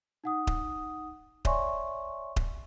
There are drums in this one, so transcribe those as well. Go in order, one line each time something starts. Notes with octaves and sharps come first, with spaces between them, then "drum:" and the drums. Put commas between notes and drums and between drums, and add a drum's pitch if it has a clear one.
D#4 F#5 D#6
drum: kick D#1
C#5 D5 E5 G#5 C6 C#6, drum: kick D#1
drum: kick D#1